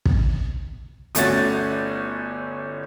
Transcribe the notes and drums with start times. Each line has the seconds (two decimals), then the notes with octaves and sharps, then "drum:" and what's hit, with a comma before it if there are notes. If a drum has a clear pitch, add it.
0.05 drum: kick
1.15 G1 A3 C#4 F#4 A6, drum: hi-hat